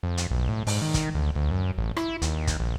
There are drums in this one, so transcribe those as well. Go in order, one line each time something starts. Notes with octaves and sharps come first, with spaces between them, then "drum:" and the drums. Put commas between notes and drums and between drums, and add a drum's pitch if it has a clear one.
F2
drum: hi-hat
B1
A2
G#2, drum: open hi-hat
D#3
drum: kick, hi-hat
D2
D2
F#2
A1
E4, drum: rim click
D#2, drum: hi-hat
drum: kick, hi-hat
A#1